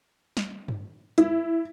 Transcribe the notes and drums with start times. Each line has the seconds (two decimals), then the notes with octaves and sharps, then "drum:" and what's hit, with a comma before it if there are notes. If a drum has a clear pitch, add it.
0.37 drum: snare
0.68 drum: tom G2
1.18 E4, drum: hi-hat